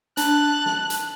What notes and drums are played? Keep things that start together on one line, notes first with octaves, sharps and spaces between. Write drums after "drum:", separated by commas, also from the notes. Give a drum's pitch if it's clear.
D4 A5 F#6, drum: hi-hat
drum: snare
drum: hi-hat